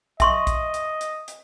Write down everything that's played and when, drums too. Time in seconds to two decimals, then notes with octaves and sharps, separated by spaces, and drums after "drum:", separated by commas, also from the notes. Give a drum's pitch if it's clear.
0.20 D#5 E5 C6 C#6, drum: kick, hi-hat
0.47 drum: kick, hi-hat
0.74 drum: hi-hat
1.01 drum: hi-hat
1.28 drum: hi-hat